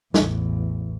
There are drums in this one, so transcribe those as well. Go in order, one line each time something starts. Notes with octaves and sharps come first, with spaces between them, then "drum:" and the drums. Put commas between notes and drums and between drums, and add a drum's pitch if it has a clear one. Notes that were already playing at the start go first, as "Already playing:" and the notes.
A1 E2, drum: snare